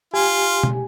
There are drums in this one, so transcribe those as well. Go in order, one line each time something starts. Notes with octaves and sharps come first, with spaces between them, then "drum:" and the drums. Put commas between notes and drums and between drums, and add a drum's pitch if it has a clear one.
F4 G4 G#5
drum: tom B2